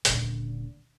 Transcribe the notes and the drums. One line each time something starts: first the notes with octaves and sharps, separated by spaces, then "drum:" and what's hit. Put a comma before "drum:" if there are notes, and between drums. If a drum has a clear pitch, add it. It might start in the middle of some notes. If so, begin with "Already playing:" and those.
D#1 D3, drum: hi-hat